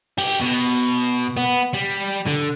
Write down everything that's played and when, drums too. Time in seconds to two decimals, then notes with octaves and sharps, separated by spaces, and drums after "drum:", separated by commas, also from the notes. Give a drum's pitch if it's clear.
0.18 G4, drum: open hi-hat
0.41 B2
1.37 B3
1.73 G3
2.27 D3